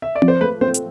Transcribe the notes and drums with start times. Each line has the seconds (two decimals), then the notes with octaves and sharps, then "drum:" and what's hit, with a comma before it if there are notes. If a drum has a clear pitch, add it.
0.02 E5
0.15 D5
0.22 F3, drum: tom C4
0.28 C5
0.41 A3 B4
0.61 C4 C5
0.74 drum: hi-hat